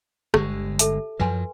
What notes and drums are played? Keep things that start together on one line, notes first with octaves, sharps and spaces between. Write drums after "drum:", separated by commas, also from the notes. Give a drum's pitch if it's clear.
G1 D3 G#3 G4, drum: rim click
A4 E5 A5, drum: hi-hat
F#2 F3 F#3 B4 G#5 C6